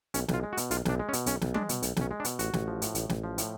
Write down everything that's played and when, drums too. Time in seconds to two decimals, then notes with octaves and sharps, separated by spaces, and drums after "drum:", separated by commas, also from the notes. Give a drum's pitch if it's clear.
0.14 B1 C#4, drum: hi-hat
0.28 B1, drum: snare
0.34 F4
0.43 G#3
0.53 F#4
0.57 B2, drum: hi-hat
0.71 B1 F4, drum: hi-hat
0.85 B1 D4, drum: snare
0.99 G#3
1.09 C#4
1.13 B2, drum: hi-hat
1.26 B1 C#4, drum: hi-hat
1.42 B1, drum: snare
1.54 G#3 D4, drum: tom
1.69 B2, drum: hi-hat
1.83 B1, drum: hi-hat
1.97 B1 C#4, drum: snare
2.11 G#3
2.20 D4
2.25 B2, drum: hi-hat
2.39 A1 F#4, drum: hi-hat
2.54 A1, drum: snare
2.67 F3
2.82 A2, drum: hi-hat
2.95 A1, drum: hi-hat
3.10 A1, drum: snare
3.24 F3
3.38 A2, drum: hi-hat